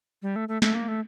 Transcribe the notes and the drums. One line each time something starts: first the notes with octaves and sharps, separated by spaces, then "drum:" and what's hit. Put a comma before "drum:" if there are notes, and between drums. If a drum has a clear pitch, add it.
G3
A3
A3
A3, drum: snare
A#3
A3